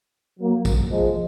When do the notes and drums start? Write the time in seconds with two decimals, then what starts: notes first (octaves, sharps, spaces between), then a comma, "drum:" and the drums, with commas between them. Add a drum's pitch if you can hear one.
0.39 F#3 A#3
0.65 drum: kick, tambourine
0.90 F3 G#3